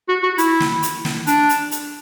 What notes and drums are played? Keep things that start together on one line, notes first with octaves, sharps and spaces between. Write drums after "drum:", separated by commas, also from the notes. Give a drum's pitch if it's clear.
F#4
F#4
E4, drum: hi-hat
drum: snare
drum: hi-hat
drum: snare
D4, drum: hi-hat
drum: hi-hat
drum: hi-hat